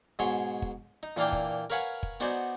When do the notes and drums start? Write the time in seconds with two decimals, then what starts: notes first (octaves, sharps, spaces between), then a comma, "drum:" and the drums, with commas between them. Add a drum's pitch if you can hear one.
0.19 G#2 B2 G#4 C#5 C6
0.62 drum: kick
1.03 D#4
1.17 A#2 E3 A#3 D4 F5 G5
1.33 drum: kick
1.70 A#4 B4 C#5 F5 F#5 G#5
2.03 drum: kick
2.20 B3 D#4 F#4 C5 D5 G#5